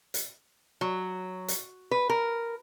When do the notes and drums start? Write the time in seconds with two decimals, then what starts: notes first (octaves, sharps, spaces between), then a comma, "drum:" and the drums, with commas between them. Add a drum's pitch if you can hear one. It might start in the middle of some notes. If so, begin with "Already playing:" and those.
0.14 drum: hi-hat
0.81 F#3
1.48 drum: hi-hat
1.91 B4
2.10 A#4